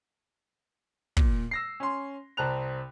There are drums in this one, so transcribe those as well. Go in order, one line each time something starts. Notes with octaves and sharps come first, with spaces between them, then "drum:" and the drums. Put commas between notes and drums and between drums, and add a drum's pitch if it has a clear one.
A#2, drum: kick
E6 A#6 C7
C#4 C6
C2 C4 A5 A#5 F#6 F7